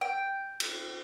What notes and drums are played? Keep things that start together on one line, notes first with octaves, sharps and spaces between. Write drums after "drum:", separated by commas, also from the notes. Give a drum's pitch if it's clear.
G5
drum: cymbal